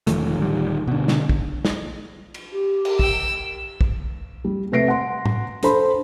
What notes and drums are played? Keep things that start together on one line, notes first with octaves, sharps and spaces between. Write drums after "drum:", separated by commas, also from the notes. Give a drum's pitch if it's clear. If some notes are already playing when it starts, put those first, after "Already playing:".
E1 D#3 F3 A3, drum: hi-hat
D1 D#3 G3
B2 D3
drum: snare
drum: kick
drum: snare
drum: cymbal
G4
drum: cymbal
G5 E6, drum: kick
drum: kick
G3
C3 A3 B4 A#6 C7 D7
F#5 C6
drum: tom
D4 A4 C5 B5 C6, drum: hi-hat